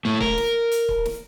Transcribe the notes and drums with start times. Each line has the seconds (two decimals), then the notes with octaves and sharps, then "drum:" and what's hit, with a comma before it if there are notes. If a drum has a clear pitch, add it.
0.05 A2 A3
0.21 A#4, drum: kick C#1
0.38 drum: snare
0.72 drum: hi-hat
0.88 drum: kick C#1
1.05 drum: snare